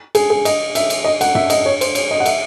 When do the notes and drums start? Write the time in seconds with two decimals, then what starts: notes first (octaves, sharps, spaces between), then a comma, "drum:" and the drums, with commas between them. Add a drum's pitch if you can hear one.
0.15 G#4, drum: cymbal
0.30 G#4
0.45 D#5, drum: cymbal
0.75 E5, drum: cymbal
0.90 drum: cymbal
1.05 D#5
1.21 F#5, drum: cymbal
1.35 E5, drum: tom
1.50 D#5, drum: cymbal
1.66 C#5
1.81 C5, drum: cymbal
1.95 C#5, drum: cymbal
2.11 D#5
2.20 F#5
2.26 E5, drum: cymbal